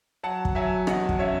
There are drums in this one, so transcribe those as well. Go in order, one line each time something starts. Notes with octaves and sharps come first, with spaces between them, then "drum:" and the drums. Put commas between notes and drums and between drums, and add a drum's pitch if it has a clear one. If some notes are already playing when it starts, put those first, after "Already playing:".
F#3 F#5 A5
drum: kick
F#3 E5 G#5
E2 D#5 F#5, drum: rim click
drum: kick
C#4 C#5 E5